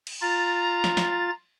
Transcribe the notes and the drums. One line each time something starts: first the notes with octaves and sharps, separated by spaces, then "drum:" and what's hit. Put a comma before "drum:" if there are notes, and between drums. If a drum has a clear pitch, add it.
drum: cymbal
F4 A#5 A6
drum: snare
drum: snare